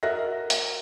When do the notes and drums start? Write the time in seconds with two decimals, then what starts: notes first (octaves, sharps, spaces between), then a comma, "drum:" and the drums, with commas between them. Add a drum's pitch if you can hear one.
0.03 F#4 A#4 D#5 E5 F#6 A#6
0.50 drum: hi-hat